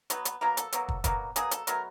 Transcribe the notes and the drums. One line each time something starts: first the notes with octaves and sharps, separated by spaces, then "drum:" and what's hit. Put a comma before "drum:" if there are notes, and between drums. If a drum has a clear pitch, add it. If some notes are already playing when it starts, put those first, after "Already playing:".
B2 F#3 B3, drum: hi-hat
drum: hi-hat
B2 F#3 A#3 A#4
A4, drum: hi-hat
B2 F#3 A#3, drum: hi-hat
drum: kick
B2 F#3 A#3, drum: kick, hi-hat
B2 F#3 A#3 G#4, drum: hi-hat
A4, drum: hi-hat
B2 F#3 A3 A#4, drum: hi-hat